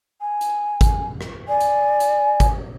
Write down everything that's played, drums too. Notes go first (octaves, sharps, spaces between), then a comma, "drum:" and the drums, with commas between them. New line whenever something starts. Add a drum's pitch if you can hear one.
G#5
drum: hi-hat
drum: kick G#1, hi-hat
drum: rim click
D5 G#5
drum: hi-hat
drum: hi-hat
drum: kick G#1, hi-hat